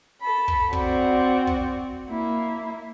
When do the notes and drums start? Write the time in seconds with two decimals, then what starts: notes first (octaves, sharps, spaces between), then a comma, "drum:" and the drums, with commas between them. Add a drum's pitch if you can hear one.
0.21 A4 B5
0.48 drum: kick
0.73 C4 F#4 D5, drum: kick
1.47 drum: kick
2.08 A#3 E4